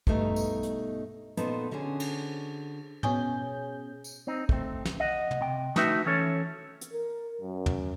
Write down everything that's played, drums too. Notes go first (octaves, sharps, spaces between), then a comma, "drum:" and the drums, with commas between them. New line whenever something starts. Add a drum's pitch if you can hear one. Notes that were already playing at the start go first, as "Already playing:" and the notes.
G2 B2 A3 D#4 A#5, drum: kick
drum: tambourine
drum: hi-hat
A#2 B3 C4 D#4 F#4 A4, drum: hi-hat
D3 C#4 F#4 G#4
drum: cymbal
B2 C#4 G#4 G6, drum: tom
drum: tambourine
C4 D#4
A3 C4, drum: kick
drum: snare
D#5 F#5
drum: tom
C3 G5
A3 D#4 F#4 B4 E5, drum: snare
E3 C#4 A4 C#5
drum: hi-hat
A#4
F#2
drum: tom